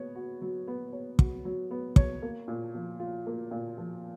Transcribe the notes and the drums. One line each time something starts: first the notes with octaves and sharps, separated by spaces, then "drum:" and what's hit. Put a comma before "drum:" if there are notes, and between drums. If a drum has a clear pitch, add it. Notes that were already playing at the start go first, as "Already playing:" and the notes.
Already playing: B3 C#5
F#4
F#3
B3
C#5
F#4, drum: kick
F#3
B3
C#5, drum: kick
A#3
A#2
F3
F4
A#3
A#2
F3